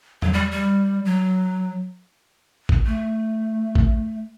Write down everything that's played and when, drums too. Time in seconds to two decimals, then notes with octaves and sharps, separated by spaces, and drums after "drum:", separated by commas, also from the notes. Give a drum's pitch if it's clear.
0.22 F#3, drum: tom E2
0.33 G3
0.51 G3
1.05 F#3
2.69 drum: kick A1
2.86 A3
3.75 drum: kick A1